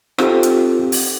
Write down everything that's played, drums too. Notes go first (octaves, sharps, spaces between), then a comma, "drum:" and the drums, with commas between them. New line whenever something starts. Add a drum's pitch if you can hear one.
C4 D#4 F4 G4 A4, drum: rim click
drum: hi-hat
drum: open hi-hat